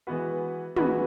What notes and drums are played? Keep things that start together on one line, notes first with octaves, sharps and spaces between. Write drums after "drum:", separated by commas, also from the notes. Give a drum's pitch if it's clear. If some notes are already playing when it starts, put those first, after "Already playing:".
E3 G#3 B3 F#4 B4
E3 G#3 B3 F#4 B4, drum: tom